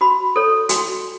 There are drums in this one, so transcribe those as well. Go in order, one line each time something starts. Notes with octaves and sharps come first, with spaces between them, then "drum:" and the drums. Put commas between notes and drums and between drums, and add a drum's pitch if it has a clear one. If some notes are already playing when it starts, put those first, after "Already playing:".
F#4 B5
A4 C#5
F#4, drum: hi-hat